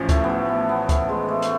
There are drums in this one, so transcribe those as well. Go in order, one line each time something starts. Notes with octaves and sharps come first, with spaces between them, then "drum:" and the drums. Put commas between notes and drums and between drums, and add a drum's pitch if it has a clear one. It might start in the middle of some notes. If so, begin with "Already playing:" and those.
Already playing: A1 A2 F3 C#4
A3, drum: kick C#2, hi-hat
B3
A3
B3
B3
A3, drum: kick C#2, hi-hat
G#3
A3
A3, drum: hi-hat